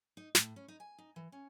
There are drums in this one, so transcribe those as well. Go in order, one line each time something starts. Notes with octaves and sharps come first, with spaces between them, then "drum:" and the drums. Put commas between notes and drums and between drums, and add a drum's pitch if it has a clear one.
D#4
A2, drum: snare
C#4
D#4
G#5
D#4
E3
C#4